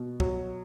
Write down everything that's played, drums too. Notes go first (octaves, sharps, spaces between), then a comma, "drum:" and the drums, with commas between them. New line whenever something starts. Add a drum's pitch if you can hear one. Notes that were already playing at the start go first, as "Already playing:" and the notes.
Already playing: B2
F#3, drum: kick